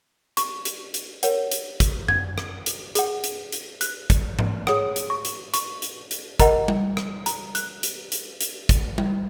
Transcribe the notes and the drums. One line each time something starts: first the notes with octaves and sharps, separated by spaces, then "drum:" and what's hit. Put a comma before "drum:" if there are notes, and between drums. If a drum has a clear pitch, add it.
C#6, drum: hi-hat
drum: hi-hat
drum: hi-hat
A#4 C#5 F#5, drum: hi-hat
drum: hi-hat
drum: kick, hi-hat
G#6, drum: tom F#2
drum: rim click
drum: hi-hat
G#4 F#5, drum: hi-hat
drum: hi-hat
drum: hi-hat
F#6, drum: hi-hat
drum: kick, hi-hat
drum: tom G#2
G#4 C#5 F#5 D#6, drum: rim click
drum: hi-hat
C#6
drum: hi-hat
C#6, drum: hi-hat
drum: hi-hat
drum: hi-hat
A#4 D#5 F#5 A#5, drum: kick, hi-hat
drum: tom G3
drum: rim click
A#5, drum: hi-hat
F#6, drum: hi-hat
drum: hi-hat
drum: hi-hat
drum: hi-hat
drum: kick, hi-hat
drum: tom G3